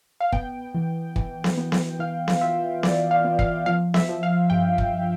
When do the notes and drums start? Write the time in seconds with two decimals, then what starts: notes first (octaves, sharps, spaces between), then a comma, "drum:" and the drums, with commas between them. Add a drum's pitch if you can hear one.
0.20 F5
0.32 B3 G5, drum: kick
0.75 E3
1.16 E3, drum: kick
1.44 drum: snare B3
1.57 B3
1.72 drum: snare B3
1.99 E3 F5
2.28 drum: snare B3
2.41 F4 E5
2.83 E3 D5, drum: snare B3
3.11 F5
3.25 B3
3.39 F5, drum: kick
3.66 F3 F5
3.94 E5, drum: snare B3
4.09 F3
4.23 F5
4.50 G2 G5
4.78 drum: kick